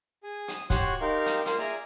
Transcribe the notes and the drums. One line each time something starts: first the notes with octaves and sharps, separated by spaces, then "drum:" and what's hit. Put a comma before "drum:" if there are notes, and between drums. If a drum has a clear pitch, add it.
G#4
D#6, drum: hi-hat
F#4 G4 C#5 C6 F#6, drum: kick, hi-hat
D#4 G4 A#4 F5 C6
drum: hi-hat
A#3 F4 C6, drum: hi-hat
G#4 D5 E5 A#5